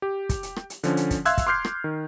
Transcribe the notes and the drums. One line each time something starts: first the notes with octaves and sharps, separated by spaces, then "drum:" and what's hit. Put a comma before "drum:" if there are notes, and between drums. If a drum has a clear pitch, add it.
G4
drum: kick, hi-hat
drum: hi-hat
drum: rim click
drum: hi-hat
D3 F3 C#4, drum: hi-hat
drum: hi-hat
drum: kick, hi-hat
E5 F5 C6 E6 F#6 G#6, drum: hi-hat
drum: kick, hi-hat
C6 D6 F6 G6 C7
drum: rim click
D#3